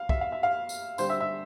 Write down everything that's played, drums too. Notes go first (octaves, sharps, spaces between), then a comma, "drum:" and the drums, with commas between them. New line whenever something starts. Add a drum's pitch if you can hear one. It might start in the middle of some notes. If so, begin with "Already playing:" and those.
Already playing: F5
E5, drum: kick C2
F5
E5
F5
drum: tambourine
D3 G3 C4 C5 C6, drum: tambourine
E5 E6
E5 E6